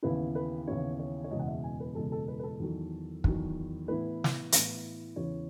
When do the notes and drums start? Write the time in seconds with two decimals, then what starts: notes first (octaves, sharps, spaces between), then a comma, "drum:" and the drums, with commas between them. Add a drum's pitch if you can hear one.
0.02 D#2 C#3 E3 B3 E4 B4
0.35 B4
0.67 D#2 C#3 E3 B3 E4 C#5
0.99 C#5
1.24 C#5
1.31 F#1 E2 B2 G#3 D#5
1.39 F#5
1.48 E5
1.64 G#5
1.80 B4
1.95 F#1 E2 B2 G#3 A4
2.12 A4
2.28 B4
2.39 B4
2.43 A4
2.60 E2 D#3 F#3
3.24 E2 D#3 F#3, drum: kick
3.88 A2 E3 B3 E4 B4
4.24 drum: snare
4.52 A2 E3 B3 E4, drum: hi-hat
5.16 E2 C#3 E3 B3 E4 C#5